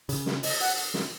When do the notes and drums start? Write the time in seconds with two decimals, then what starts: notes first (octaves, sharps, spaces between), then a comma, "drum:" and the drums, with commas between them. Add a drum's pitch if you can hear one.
0.09 C#3, drum: hi-hat
0.26 drum: snare
0.43 D#5, drum: open hi-hat
0.60 F#5, drum: hi-hat
0.77 drum: hi-hat
0.94 drum: snare